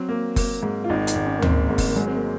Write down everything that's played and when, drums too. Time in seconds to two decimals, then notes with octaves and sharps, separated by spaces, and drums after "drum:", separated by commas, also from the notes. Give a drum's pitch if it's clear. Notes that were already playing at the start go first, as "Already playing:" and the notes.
Already playing: F#3 C4
0.09 A#3
0.36 A#3, drum: kick F#1, open hi-hat
0.63 G#2
0.84 F4
0.90 G#1 D#4
1.07 D#4, drum: hi-hat
1.15 G#1
1.25 C#4
1.37 A#3
1.42 G#1 C4, drum: tom D2
1.69 G#2 A#3
1.78 drum: kick F#1, open hi-hat
1.87 A#3
1.95 F#3 G#3
2.07 C4
2.14 A#3